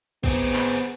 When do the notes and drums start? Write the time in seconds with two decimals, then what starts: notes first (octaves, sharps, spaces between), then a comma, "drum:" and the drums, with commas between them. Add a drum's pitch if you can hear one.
0.24 B3 C4 G#4, drum: kick, cymbal
0.53 drum: clap